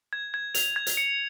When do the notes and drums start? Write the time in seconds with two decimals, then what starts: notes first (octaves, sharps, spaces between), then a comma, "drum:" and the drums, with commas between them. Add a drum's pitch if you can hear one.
0.13 G#6
0.34 G#6
0.55 F7, drum: hi-hat
0.76 G#6
0.87 drum: hi-hat
0.97 C#7